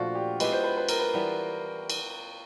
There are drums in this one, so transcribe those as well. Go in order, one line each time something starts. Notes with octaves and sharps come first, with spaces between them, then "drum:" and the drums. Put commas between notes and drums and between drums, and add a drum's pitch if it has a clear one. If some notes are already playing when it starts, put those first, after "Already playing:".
Already playing: A#2 F3 A3 D4 F4 F#4
G4
G#3 B3 E4 G4 B4, drum: cymbal
C5
B4
B4
A#4, drum: cymbal
B4
E3 G3 B3
drum: cymbal